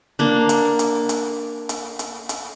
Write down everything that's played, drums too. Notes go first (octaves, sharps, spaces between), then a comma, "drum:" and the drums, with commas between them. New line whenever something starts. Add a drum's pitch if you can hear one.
A#3 D4
drum: hi-hat
drum: hi-hat
drum: hi-hat
drum: hi-hat
drum: hi-hat
drum: hi-hat